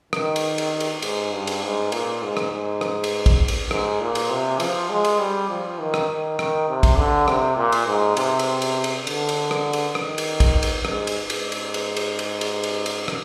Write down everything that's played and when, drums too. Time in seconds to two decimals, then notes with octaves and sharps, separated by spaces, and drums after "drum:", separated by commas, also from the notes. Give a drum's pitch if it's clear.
0.13 D#3, drum: rim click
0.36 drum: cymbal
0.58 drum: cymbal
0.80 drum: cymbal
1.02 G#2, drum: cymbal
1.33 G2
1.47 drum: cymbal
1.62 G#2
1.92 A#2, drum: cymbal
2.22 G#2
2.37 drum: rim click
2.52 G#2
2.81 drum: rim click
3.04 drum: cymbal
3.26 drum: kick, cymbal
3.48 drum: cymbal
3.71 G#2, drum: rim click
4.01 A#2
4.15 drum: cymbal
4.30 C3
4.60 F3, drum: cymbal
4.90 G#3
5.05 drum: cymbal
5.19 G3
5.50 F3
5.79 D#3
5.94 drum: rim click
6.09 D#3
6.39 D#3, drum: rim click
6.69 C3
6.83 drum: kick, cymbal
6.98 D3
7.28 C3, drum: rim click
7.57 A#2
7.72 drum: cymbal
7.88 G#2
8.17 C3, drum: cymbal
8.39 drum: cymbal
8.62 drum: cymbal
8.84 drum: cymbal
9.07 D3, drum: cymbal
9.29 drum: cymbal
9.51 drum: rim click
9.73 drum: cymbal
9.95 D#3, drum: rim click
10.18 drum: cymbal
10.40 drum: kick, cymbal
10.63 drum: cymbal
10.85 G#2, drum: rim click
11.07 drum: cymbal
11.30 G#2, drum: cymbal
11.52 drum: cymbal
11.74 drum: cymbal
11.96 drum: cymbal
12.19 drum: cymbal
12.41 drum: cymbal
12.63 drum: cymbal
12.86 drum: cymbal
13.08 drum: rim click